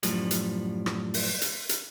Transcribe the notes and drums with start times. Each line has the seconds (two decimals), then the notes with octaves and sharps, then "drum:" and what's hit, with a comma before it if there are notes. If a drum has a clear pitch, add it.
0.03 F#2 A2 F3 G3, drum: hi-hat
0.31 drum: hi-hat
0.86 drum: rim click
1.14 drum: open hi-hat
1.42 drum: hi-hat
1.69 drum: hi-hat